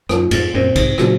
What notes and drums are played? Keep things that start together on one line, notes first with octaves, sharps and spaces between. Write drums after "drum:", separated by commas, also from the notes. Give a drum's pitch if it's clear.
F#2 F4, drum: rim click
F2 G#2, drum: cymbal
F#2 A#2 C4
G#2 C3, drum: kick, cymbal
A#2 C#3 F#3, drum: rim click